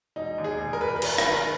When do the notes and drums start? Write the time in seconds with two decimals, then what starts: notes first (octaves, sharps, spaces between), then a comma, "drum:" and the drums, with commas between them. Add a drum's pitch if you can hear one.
0.16 E1 D#4
0.38 D#2
0.44 G#4
0.59 E1
0.73 A#4
0.81 E1 B4
0.88 A#4
0.96 B4
1.02 E1 A#4, drum: cymbal
1.11 B4
1.18 A#4, drum: rim click
1.24 D#3 B4
1.33 A#4
1.41 B4